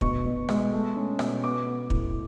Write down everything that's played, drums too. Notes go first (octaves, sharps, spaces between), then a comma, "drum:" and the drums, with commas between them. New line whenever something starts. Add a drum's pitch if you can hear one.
B2 C#6, drum: kick
B2
G#3, drum: rim click
A3
C#4
B2, drum: rim click
B3 D6
B3
A2, drum: kick